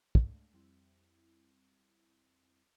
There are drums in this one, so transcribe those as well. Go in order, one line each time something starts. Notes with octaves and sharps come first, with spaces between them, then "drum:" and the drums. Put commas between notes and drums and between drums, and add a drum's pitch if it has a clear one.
G#3 A3 D4, drum: kick
F2 G3 C4 E4